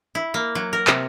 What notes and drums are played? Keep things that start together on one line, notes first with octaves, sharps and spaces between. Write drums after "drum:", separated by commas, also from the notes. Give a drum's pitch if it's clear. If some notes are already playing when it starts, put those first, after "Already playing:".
E4
A#3
F#3
A#4
C3, drum: clap